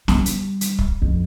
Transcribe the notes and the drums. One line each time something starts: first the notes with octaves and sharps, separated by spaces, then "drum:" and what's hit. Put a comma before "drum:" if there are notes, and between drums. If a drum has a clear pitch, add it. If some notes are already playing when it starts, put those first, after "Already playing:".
G3, drum: snare
drum: hi-hat
drum: hi-hat
drum: kick
F2